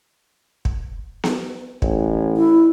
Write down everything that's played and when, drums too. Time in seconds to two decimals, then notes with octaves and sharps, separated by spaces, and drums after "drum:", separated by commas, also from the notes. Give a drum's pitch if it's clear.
0.65 drum: kick
1.24 drum: snare B3
1.82 A1, drum: kick
2.37 E4